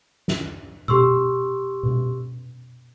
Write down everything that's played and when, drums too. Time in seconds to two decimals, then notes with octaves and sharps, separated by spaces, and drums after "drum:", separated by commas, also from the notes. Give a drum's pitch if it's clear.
0.28 drum: snare
0.88 G4 C6 C#6 E6, drum: tom B2
1.83 drum: tom B2